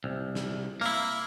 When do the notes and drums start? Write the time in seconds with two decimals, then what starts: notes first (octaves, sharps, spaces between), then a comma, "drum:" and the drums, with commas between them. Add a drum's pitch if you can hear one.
0.04 C2
0.35 drum: snare
0.81 A#3 E4, drum: open hi-hat